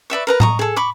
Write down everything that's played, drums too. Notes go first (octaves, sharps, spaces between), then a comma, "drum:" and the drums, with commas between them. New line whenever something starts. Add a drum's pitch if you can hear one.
B4 D5 E5 C#6
A#4 B4 A#5
D#5 A#5 C#6, drum: tom A2
G#4 A4
B5 C#6 D6